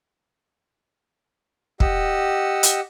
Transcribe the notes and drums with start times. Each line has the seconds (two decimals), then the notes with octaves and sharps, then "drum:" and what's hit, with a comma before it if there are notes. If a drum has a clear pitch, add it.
1.80 G4 D#5 F#5 E6, drum: kick
2.63 drum: hi-hat